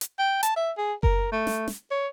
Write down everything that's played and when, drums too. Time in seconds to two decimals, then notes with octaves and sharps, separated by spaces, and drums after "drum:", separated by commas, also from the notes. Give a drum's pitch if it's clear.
0.01 drum: hi-hat
0.19 G5
0.43 A5, drum: hi-hat
0.56 E5
0.77 G#4
1.03 A#4, drum: kick F#1
1.32 A3
1.47 drum: snare
1.68 drum: snare
1.91 C#5